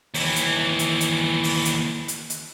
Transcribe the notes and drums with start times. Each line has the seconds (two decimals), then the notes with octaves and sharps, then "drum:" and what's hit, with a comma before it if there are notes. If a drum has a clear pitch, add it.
0.14 D#2 E3, drum: open hi-hat
0.36 drum: hi-hat
0.79 drum: hi-hat
1.01 drum: hi-hat
1.44 drum: open hi-hat
1.65 drum: hi-hat
2.08 drum: hi-hat
2.30 drum: hi-hat